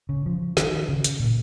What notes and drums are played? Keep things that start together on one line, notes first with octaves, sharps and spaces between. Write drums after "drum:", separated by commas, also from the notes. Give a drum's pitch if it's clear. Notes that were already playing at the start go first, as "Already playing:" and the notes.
C#3
F3
D#3, drum: snare
C#3
drum: hi-hat
A#2